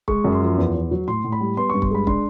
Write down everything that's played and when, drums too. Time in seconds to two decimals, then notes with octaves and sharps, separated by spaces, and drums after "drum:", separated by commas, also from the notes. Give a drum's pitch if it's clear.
0.08 G#3 C#6, drum: kick
0.24 F#2
0.32 C6
0.41 F3
0.58 E2
0.75 E2
0.91 F#3
1.08 A2 C6
1.24 A2
1.32 B5
1.40 G3
1.57 B3 C6
1.70 G2 C#6
1.82 C6, drum: kick
1.91 G#3 B5
2.07 D4 C6, drum: kick